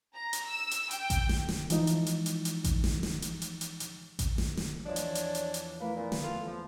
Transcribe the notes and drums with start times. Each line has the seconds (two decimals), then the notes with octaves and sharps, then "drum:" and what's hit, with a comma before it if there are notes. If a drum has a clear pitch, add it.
0.14 A#5
0.33 drum: hi-hat
0.46 E6
0.71 drum: hi-hat
0.91 G5, drum: hi-hat
1.10 drum: kick A1, hi-hat
1.29 drum: snare
1.49 drum: snare
1.70 E3 F3 G#3 D#4, drum: hi-hat
1.87 drum: hi-hat
2.06 drum: hi-hat
2.26 drum: hi-hat
2.45 drum: hi-hat
2.64 drum: kick A1, hi-hat
2.84 drum: snare
3.03 drum: snare
3.22 drum: hi-hat
3.42 drum: hi-hat
3.61 drum: hi-hat
3.80 drum: hi-hat
4.19 drum: kick A1, hi-hat
4.38 drum: snare
4.57 drum: snare
4.86 E2 F3 D4 C#5 D#5
4.96 drum: hi-hat
5.15 drum: hi-hat
5.35 drum: hi-hat
5.54 drum: hi-hat
5.80 A3 A#3 E4 B4
5.96 A#2 B3
6.12 drum: snare
6.23 F4 A4
6.46 F3